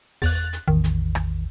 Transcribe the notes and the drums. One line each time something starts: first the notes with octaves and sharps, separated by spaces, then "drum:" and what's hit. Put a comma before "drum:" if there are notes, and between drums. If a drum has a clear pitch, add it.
E2 F#6 A6, drum: kick, open hi-hat
drum: hi-hat
A1 E2 D#3
drum: hi-hat
drum: rim click